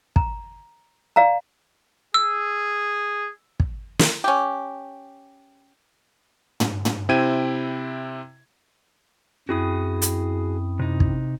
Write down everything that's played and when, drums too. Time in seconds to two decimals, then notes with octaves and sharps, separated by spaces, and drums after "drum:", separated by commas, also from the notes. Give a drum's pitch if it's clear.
0.16 A#5, drum: kick
1.16 D5 F5 A#5
2.14 G#4 E6
3.60 drum: kick
3.99 drum: snare
4.24 C#4 G4
6.60 drum: tom
6.85 drum: tom
7.09 C3 C4 E4 G5 G#6 D#7
9.49 F#2 C4 E4 F#4 G#4 D#6
10.02 drum: hi-hat
10.79 C3 D#4
11.00 drum: kick